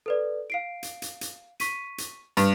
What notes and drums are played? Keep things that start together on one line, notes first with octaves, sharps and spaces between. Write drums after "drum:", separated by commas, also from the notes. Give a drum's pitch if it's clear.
A4 B4 D5
F5 C7 D7
drum: hi-hat
drum: hi-hat
drum: hi-hat
C#6 B6 D#7, drum: hi-hat
drum: hi-hat
G2 B4, drum: hi-hat